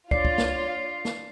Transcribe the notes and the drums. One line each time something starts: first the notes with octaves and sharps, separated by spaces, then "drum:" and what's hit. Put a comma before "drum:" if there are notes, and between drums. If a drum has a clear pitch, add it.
F4 C#5 D5 C7, drum: kick
drum: kick
drum: snare
drum: snare